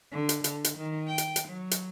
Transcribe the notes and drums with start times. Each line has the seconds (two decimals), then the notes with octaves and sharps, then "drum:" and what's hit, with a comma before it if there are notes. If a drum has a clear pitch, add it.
0.11 D3
0.29 drum: hi-hat
0.44 D3, drum: hi-hat
0.64 drum: hi-hat
0.78 D#3
1.08 G5
1.18 drum: hi-hat
1.36 drum: hi-hat
1.48 F#3
1.71 drum: hi-hat